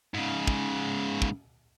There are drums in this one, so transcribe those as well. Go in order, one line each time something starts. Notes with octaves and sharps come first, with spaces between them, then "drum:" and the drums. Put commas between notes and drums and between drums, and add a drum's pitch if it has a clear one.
G#2 C#3
drum: kick
drum: kick